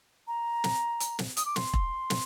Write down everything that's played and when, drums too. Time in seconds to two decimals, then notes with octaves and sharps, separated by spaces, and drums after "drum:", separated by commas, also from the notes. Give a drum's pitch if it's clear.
0.27 A#5
0.64 drum: snare
1.00 drum: hi-hat
1.19 drum: snare
1.37 D#6, drum: hi-hat
1.46 D6
1.56 C6, drum: snare
1.73 drum: kick E1
2.10 drum: snare